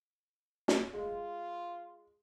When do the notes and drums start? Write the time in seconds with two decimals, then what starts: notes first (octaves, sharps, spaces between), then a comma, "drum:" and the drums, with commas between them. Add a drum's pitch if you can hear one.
0.68 drum: snare
0.93 G#3 F4